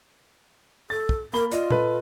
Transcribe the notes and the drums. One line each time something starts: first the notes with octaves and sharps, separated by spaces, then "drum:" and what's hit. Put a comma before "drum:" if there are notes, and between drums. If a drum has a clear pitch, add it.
A4 A6
drum: kick
A#3 A#4 B5 G7
F4 D5 D#5, drum: hi-hat
A4 B4 D#5, drum: tom A#2